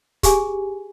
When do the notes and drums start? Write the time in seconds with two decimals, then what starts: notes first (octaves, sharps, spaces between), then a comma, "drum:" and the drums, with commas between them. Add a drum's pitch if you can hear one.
0.23 G4 G#4 G#5, drum: kick, hi-hat